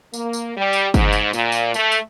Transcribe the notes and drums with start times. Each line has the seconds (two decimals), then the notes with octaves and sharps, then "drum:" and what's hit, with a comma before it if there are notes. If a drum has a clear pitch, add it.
0.14 A#3, drum: tambourine
0.33 drum: tambourine
0.56 G3
0.73 drum: tambourine
0.94 G#2, drum: kick, tambourine
1.12 drum: tambourine
1.33 A#2, drum: tambourine
1.52 drum: tambourine
1.74 A3, drum: tambourine
1.92 drum: tambourine